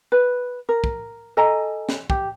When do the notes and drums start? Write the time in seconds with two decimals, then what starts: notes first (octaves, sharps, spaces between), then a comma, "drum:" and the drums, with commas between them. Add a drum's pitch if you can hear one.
0.12 B4
0.69 A#4
0.84 drum: kick
1.37 A4 D#5 G#5 A#5
1.89 drum: snare
2.10 G4, drum: kick